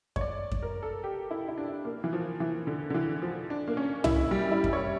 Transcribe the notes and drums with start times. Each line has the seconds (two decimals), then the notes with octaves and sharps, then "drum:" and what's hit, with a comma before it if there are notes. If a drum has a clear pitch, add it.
0.16 C#5, drum: kick F#2
0.21 D5
0.52 drum: kick F#2
0.62 A#4
0.83 A4
1.03 G4
1.31 E4
1.48 E4
1.58 D4
1.85 A#3
2.04 E3
2.13 F3
2.40 E3
2.67 D3
2.90 D3
2.94 E3
3.22 F3
3.50 D4
3.68 A#3
3.77 C#4
4.04 E4, drum: tom
4.31 G3
4.52 E4
4.64 drum: kick F#2
4.73 C#5